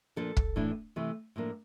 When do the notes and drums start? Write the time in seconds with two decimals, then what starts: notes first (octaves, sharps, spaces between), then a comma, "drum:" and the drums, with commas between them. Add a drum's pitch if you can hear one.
0.16 A#2 F3 A#3 D4 A4
0.37 drum: kick
0.56 A2 E3 A3 D4
0.96 C3 E3 A3
1.36 A2 F3 A#3 D4